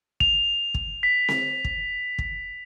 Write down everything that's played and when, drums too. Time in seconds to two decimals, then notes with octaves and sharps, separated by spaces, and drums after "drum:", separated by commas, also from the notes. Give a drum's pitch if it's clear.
0.20 F7, drum: kick
0.74 drum: kick
1.03 B6
1.28 drum: snare C4
1.64 drum: kick
2.18 drum: kick